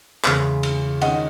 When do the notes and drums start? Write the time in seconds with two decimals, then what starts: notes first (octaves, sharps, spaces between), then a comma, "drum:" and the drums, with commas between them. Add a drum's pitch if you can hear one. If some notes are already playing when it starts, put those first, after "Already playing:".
0.24 E2 C#3 G#3, drum: clap
0.63 drum: cymbal
1.01 D#3 G#3 C#4 D#5 F#5, drum: cymbal